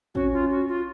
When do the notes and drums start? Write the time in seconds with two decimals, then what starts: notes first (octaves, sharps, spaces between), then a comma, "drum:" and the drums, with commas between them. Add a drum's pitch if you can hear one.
0.15 C#4 F#4, drum: kick
0.33 F4
0.50 F#4
0.68 F4